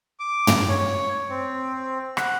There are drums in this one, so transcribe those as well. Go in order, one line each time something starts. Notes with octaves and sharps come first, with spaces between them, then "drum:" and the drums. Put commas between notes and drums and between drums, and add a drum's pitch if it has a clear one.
D6
drum: tom
C#5
C4
F#5, drum: rim click